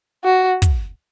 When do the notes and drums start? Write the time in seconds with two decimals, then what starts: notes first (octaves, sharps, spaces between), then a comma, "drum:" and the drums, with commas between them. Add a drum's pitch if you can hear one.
0.24 F#4
0.62 drum: kick, hi-hat